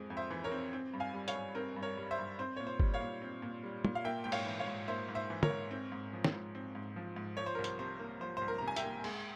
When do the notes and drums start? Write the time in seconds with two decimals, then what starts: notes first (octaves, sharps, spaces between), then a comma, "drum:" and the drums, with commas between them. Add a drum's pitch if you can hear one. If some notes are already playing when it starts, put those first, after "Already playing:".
Already playing: F2 G#3 C4
0.10 F2
0.17 C5 E5
0.30 E3
0.44 A#4 C#5
0.52 C4
0.73 C4
0.94 G2
1.00 F5 G#5
1.14 G3
1.28 C#5 F5, drum: hi-hat
1.35 G2
1.55 C4 A#4
1.76 G2
1.83 A#4 C#5
1.97 G3
2.11 C5 E5
2.18 G2
2.39 C4 C5
2.56 A#2 C#5
2.67 C5
2.80 G3, drum: kick G1
2.94 C#5 F5
3.01 A#2
3.22 C4
3.42 A#2
3.63 G3
3.85 A#2, drum: tom
3.95 F5
4.04 A#3 E5 G5
4.24 G#2 G5
4.32 C#5 F5, drum: cymbal
4.46 E3
4.60 C#5 F5
4.67 G#2
4.88 A#3 C5 E5
5.09 G#2
5.15 C5 E5
5.30 E3
5.43 A#4 C#5, drum: tom
5.50 G#2
5.71 C4
5.92 G#2
6.13 F3
6.25 drum: snare
6.34 G#2
6.55 C4
6.75 G#2
6.96 F3
7.16 G#2
7.37 F3 C#5
7.46 C5
7.55 C2 A#4
7.64 C5, drum: hi-hat
7.79 C3 C5
7.99 A#3
8.20 F3 C5
8.37 C2 C5
8.48 A#4
8.58 C3 A#5
8.68 G#5
8.76 E5 G5, drum: hi-hat
8.83 A#3
9.04 G#3, drum: cymbal